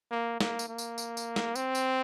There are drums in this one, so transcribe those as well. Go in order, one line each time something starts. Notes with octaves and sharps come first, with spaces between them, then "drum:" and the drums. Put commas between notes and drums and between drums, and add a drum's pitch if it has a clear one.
A#3
A#3, drum: snare
drum: tambourine
A#3
drum: tambourine
drum: tambourine
drum: tambourine
drum: snare
C4, drum: tambourine
drum: tambourine